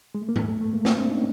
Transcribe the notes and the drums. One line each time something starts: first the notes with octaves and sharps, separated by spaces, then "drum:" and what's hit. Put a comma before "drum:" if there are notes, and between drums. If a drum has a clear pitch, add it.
G#3
A3
A#3
A3 B3, drum: tom G#2
A3
A3
G#3 A#3
A#3 C4, drum: snare
C4 D4
C#4 D#4